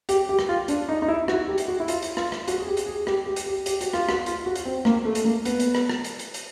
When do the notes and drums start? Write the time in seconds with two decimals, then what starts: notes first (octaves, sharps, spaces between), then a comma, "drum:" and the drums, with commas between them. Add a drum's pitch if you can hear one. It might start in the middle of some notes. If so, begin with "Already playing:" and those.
0.09 G4, drum: hi-hat
0.29 G4
0.39 drum: rim click
0.49 F4
0.68 D4, drum: hi-hat
0.89 D#4
1.02 D#4
1.08 E4
1.28 F#4, drum: rim click
1.48 G4
1.58 drum: hi-hat
1.68 F#4
1.80 E4
1.88 F4, drum: hi-hat
2.02 drum: hi-hat
2.17 F4, drum: rim click
2.32 drum: rim click
2.48 F#4, drum: hi-hat
2.58 G#4
2.67 G4
2.77 drum: hi-hat
2.86 G#4
3.07 G4, drum: rim click
3.26 G4
3.36 drum: hi-hat
3.46 G4
3.66 G4, drum: hi-hat
3.81 F#4, drum: hi-hat
3.93 F4, drum: rim click
4.09 F#4, drum: rim click
4.26 F4, drum: hi-hat
4.46 F#4
4.56 drum: hi-hat
4.65 C4
4.85 A#3, drum: rim click
5.05 A3
5.15 drum: hi-hat
5.25 A#3
5.45 B3, drum: hi-hat
5.60 drum: hi-hat
5.75 drum: rim click
5.89 drum: rim click
6.04 drum: hi-hat
6.19 drum: hi-hat
6.34 drum: hi-hat